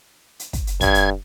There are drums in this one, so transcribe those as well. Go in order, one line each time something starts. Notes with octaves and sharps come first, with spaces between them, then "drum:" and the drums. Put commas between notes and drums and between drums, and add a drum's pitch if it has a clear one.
drum: hi-hat
drum: kick, hi-hat
drum: hi-hat
G2 G#6, drum: kick, hi-hat
drum: hi-hat